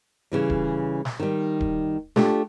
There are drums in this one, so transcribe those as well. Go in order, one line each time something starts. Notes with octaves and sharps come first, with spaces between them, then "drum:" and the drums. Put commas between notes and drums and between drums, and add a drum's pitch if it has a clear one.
C#3 E3 G3
drum: kick D1
drum: snare
D#3 G3
drum: kick D1
A3 D4 F4 G4, drum: snare